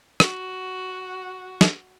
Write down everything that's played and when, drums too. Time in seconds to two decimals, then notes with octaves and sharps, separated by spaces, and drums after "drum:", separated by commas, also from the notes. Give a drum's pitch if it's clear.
0.20 F#4, drum: rim click
1.61 drum: snare